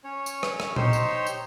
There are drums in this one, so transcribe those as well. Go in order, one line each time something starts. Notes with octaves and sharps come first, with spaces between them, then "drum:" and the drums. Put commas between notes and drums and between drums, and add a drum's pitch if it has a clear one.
C#4 C#5
drum: tambourine
drum: rim click
drum: rim click
D#4 G4 C5 C#5 C6 E6, drum: tom A#2
drum: tambourine
drum: tambourine